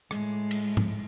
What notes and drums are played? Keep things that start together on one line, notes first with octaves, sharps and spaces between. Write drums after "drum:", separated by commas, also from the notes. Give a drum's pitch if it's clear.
A2 G#3, drum: rim click
drum: cymbal
drum: tom